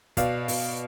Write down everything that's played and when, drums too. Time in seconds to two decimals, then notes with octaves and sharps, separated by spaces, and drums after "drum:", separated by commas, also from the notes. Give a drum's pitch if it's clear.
0.17 B2 D5 F5, drum: kick, hi-hat
0.48 B2, drum: open hi-hat